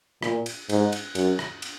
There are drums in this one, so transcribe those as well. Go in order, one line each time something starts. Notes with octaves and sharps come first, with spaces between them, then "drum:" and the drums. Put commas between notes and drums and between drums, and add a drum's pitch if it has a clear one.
A#2, drum: rim click
drum: cymbal
G#2, drum: cymbal
drum: cymbal
F#2, drum: cymbal
drum: rim click
drum: cymbal